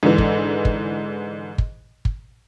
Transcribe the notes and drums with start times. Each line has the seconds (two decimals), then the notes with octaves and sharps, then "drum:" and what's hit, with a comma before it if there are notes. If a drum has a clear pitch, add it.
0.03 G#2 D3 E3
0.18 drum: kick
0.65 drum: kick
1.58 drum: kick
2.05 drum: kick